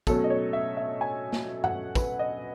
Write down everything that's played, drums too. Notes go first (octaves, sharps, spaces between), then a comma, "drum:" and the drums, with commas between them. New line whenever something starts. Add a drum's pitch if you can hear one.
B2 F#3 A3 C#4 A4, drum: kick, tambourine
D#5
C#5
E5
E5
G#5
drum: snare
F#5, drum: tom G2
B4, drum: kick, tambourine
D#5